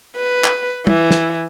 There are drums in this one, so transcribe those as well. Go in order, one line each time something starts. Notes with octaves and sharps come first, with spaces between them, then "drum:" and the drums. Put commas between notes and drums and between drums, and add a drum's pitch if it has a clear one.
B4
drum: clap
E3, drum: tom
drum: snare